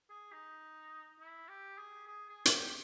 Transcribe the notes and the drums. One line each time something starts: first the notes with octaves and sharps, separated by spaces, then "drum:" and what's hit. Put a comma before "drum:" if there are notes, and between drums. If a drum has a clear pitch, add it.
G#4
D#4
E4
G4
G#4
G#4
G#4
E4, drum: hi-hat
G4